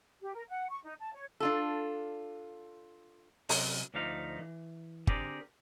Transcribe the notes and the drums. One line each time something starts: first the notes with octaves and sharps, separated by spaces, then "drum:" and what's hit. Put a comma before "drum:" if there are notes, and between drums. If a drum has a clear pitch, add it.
G4
A#4
F#5
C#6
D#4
A5
C#5
D4 F4 A4
C3 F#3 C#4, drum: open hi-hat
D2 D3 F3 A3 D#4 F5
E3
D3 C4 G4 G#4 A#4 D5, drum: kick G1